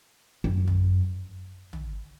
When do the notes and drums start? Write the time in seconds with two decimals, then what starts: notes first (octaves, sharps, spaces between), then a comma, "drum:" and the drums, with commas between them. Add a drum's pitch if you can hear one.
0.44 F#2
0.67 drum: tom
1.73 drum: tom